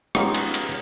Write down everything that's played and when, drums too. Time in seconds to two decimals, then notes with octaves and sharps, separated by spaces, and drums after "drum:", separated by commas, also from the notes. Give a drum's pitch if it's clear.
0.15 G#3 B3 C#4 D#4 F4 G4, drum: rim click
0.34 drum: cymbal
0.54 drum: cymbal